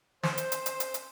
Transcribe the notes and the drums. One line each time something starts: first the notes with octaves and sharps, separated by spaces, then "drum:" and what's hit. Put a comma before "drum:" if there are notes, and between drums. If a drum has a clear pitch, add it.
C5, drum: snare
drum: hi-hat
drum: hi-hat
drum: hi-hat
drum: hi-hat
drum: hi-hat